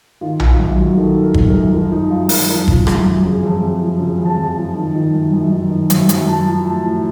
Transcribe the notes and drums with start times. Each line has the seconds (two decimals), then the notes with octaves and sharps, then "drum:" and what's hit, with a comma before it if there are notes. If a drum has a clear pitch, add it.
0.21 D#3 F4
0.40 D#3, drum: tom A#1
0.47 F4
0.59 F#2
0.71 F#4
0.78 F#2
0.97 D#3 A4
1.16 D#3
1.22 A#4
1.34 F#2, drum: kick G1
1.48 A#4
1.54 F#2
1.72 F3 A#4
1.91 F3 D#4
2.10 F#2 F4
2.29 F#2 A#4, drum: open hi-hat
2.49 F3 A#4
2.68 F3, drum: kick G1
2.87 F#2, drum: rim click
3.05 F#2
3.25 C#3
3.43 F2
3.62 F2
3.81 F3
3.99 C#3
4.19 F2
4.25 A5
4.37 F2
4.51 A5
4.57 F3
4.75 D#3
4.94 D#3
5.14 F#2
5.33 F#2
5.51 D#3
5.71 D#3
5.90 F#2, drum: hi-hat
6.09 F#2, drum: hi-hat
6.28 F3 A5
6.46 F3
6.65 A2 A5
6.85 A2